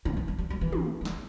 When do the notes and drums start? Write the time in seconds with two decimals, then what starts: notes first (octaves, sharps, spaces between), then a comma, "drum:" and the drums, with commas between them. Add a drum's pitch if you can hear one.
0.05 D3, drum: tom
0.17 E3
0.28 G3
0.38 G3
0.50 G3
0.61 E3
0.73 drum: tom
1.01 E3
1.05 D3, drum: snare